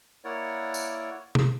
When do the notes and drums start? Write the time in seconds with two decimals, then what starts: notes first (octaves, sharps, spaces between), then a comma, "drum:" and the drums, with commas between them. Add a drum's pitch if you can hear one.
0.25 A#3 E4 A#4 C#5 D5 F#5
0.74 drum: tambourine
1.35 drum: tom